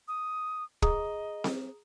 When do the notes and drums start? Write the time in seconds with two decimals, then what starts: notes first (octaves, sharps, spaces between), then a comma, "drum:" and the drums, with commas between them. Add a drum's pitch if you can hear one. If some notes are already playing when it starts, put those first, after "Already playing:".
0.08 D#6
0.82 G#4 D#5 A#5 D#6, drum: kick
1.44 drum: snare C4